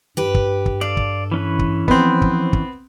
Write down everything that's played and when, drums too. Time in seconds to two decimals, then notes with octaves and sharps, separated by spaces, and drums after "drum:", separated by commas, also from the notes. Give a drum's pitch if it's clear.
0.17 G2 G4 B4
0.34 drum: kick
0.66 drum: kick
0.81 A4 D5 F5
0.97 drum: kick
1.32 E3 C#4 B4
1.59 drum: kick
1.88 F3 B3 C4, drum: kick
2.22 drum: kick
2.53 drum: kick